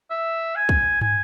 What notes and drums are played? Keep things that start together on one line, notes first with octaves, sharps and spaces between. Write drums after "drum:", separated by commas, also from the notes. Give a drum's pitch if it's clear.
E5
G#5
drum: kick
G#5, drum: tom